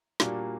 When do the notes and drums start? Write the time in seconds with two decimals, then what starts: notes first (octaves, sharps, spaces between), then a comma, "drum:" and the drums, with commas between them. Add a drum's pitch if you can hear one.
0.20 A#2 G3 A#3 D4 F#4, drum: snare